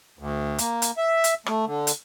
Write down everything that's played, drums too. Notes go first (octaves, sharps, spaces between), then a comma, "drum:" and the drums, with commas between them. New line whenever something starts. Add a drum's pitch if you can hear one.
D2
A#3, drum: hi-hat
drum: hi-hat
E5
drum: hi-hat
A3, drum: rim click
D3
drum: hi-hat